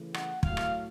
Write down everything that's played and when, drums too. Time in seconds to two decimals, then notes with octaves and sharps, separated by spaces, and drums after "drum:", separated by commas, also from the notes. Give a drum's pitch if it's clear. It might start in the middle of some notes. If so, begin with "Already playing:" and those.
Already playing: C#3 E3 A3
0.14 F#5, drum: rim click
0.43 A2 F#3 A3 F5, drum: kick
0.57 drum: rim click